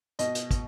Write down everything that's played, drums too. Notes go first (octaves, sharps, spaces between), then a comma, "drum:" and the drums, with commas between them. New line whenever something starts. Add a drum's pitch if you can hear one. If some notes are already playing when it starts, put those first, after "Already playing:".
B2 D#5, drum: hi-hat
drum: hi-hat
drum: kick, hi-hat